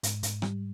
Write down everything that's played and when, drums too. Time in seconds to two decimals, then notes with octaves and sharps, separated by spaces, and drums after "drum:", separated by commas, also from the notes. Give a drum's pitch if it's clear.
0.03 G#2, drum: hi-hat
0.23 G#2, drum: hi-hat
0.42 G3, drum: rim click